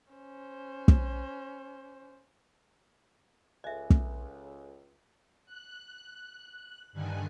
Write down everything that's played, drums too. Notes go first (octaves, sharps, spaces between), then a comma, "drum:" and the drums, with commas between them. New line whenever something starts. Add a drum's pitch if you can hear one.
C#4 C5
drum: kick
C#2 A4 D#5 E5 G#5 F#6
drum: kick
F#6
G2 D3 D#3 G#5 F#6